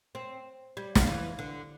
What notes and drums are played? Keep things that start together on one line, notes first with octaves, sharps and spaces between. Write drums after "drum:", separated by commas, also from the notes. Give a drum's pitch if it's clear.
C4
G3
F3, drum: snare
E3
D3